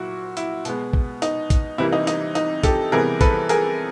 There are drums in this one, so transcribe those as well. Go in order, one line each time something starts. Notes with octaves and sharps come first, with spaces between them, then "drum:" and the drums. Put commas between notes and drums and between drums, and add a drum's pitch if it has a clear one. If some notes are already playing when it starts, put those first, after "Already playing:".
Already playing: A#2 F#3 E4 F#4
E4, drum: hi-hat
B2 G#3 B3, drum: hi-hat
drum: kick A1
D#4, drum: hi-hat
drum: kick A1, hi-hat
C3 E3 G3 A#3 E4
D#4
D#4, drum: hi-hat
D#4, drum: hi-hat
G4 A4, drum: kick A1, hi-hat
C3 E3 G3 B3 G#4 A#4
A4 B4, drum: kick A1, hi-hat
G#4 A#4, drum: hi-hat